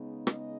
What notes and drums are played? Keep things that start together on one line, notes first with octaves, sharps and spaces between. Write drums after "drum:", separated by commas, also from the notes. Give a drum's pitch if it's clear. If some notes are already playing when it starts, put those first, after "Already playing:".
Already playing: C#3 G#3 B3 D#4
D#5, drum: rim click